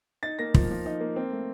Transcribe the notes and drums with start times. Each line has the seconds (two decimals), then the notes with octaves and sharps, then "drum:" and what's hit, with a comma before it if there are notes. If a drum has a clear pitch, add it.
0.23 D#4 A6
0.39 A#3 A#6
0.54 F3, drum: kick
0.70 F3
0.86 D#4
1.01 A#3
1.16 C4
1.32 A3